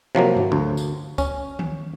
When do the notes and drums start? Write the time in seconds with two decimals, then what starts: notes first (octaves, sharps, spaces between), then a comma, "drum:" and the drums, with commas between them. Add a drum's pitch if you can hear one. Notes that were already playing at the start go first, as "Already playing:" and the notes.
0.15 C3 F3 F#3 A#3
0.36 drum: tom G2
0.52 D2
0.77 drum: tambourine
1.18 C#4, drum: kick C#2, tambourine
1.59 drum: tom D#3